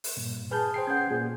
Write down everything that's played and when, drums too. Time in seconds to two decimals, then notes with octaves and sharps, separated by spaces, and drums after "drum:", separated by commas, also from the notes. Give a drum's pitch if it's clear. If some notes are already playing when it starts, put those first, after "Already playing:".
0.04 drum: open hi-hat
0.17 G2 A#2
0.51 G#4 B4 G#5 A5 F6 G6
0.74 C5 G5 C7
0.87 C#4 F#5 G6 G#6
1.11 A#2 G#4